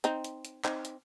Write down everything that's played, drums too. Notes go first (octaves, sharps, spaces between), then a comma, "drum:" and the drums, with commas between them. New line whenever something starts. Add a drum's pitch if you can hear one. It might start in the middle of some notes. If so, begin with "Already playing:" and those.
C4 D#4, drum: hi-hat
drum: hi-hat
drum: hi-hat
C4 D#4, drum: clap
drum: hi-hat